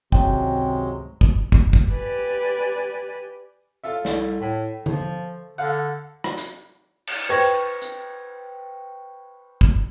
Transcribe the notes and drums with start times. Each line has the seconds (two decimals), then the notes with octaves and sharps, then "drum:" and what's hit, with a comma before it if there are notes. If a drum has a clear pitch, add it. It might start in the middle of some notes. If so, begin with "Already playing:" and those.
0.12 G#1 C#2 C3 F#3 G#3 G5, drum: kick
1.21 drum: kick
1.52 drum: kick
1.73 drum: kick
1.88 G4 B4 D5 G#5
3.84 F4 A4 E5
4.05 C2 A3, drum: snare
4.41 A2
4.86 F3, drum: tom D3
5.58 D3 A4 F5 F#5
6.24 drum: rim click
6.37 drum: hi-hat
7.07 drum: cymbal
7.29 B4 C5 G5 C#6 G#6 A#6
7.82 drum: hi-hat
9.61 drum: kick